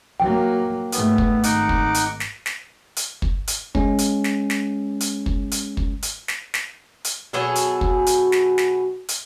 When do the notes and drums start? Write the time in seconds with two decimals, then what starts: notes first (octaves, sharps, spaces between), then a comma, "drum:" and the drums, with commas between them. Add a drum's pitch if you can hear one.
0.20 F#3 A#3 G5
0.92 G#2 A3 B3, drum: hi-hat
1.18 drum: kick
1.44 G#1 D#4 F#5 D6, drum: hi-hat
1.69 drum: kick
1.95 drum: hi-hat
2.20 drum: snare
2.46 drum: snare
2.97 drum: hi-hat
3.22 drum: kick
3.48 drum: hi-hat
3.75 G#3 C#4, drum: kick
3.99 drum: hi-hat
4.24 drum: snare
4.50 drum: snare
5.01 drum: hi-hat
5.26 drum: kick
5.52 drum: hi-hat
5.77 drum: kick
6.03 drum: hi-hat
6.28 drum: snare
6.54 drum: snare
7.05 drum: hi-hat
7.33 B2 F#3 G#4 A4
7.56 drum: hi-hat
7.81 drum: kick
8.07 drum: hi-hat
8.32 drum: snare
8.58 drum: snare
9.09 drum: hi-hat